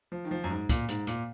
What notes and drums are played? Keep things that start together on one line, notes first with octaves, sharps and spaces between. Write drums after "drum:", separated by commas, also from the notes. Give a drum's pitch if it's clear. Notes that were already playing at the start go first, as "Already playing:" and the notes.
F3
D#3
F3
F#2
G#2
A#2, drum: kick, hi-hat
G#2, drum: hi-hat
A#2, drum: hi-hat